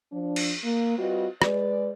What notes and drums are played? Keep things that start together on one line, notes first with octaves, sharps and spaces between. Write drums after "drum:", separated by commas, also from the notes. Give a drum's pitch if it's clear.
F3 D4
drum: cymbal
A#3
G3 C4 F4 F#4 B4 D#5
G#3 B4 D5, drum: rim click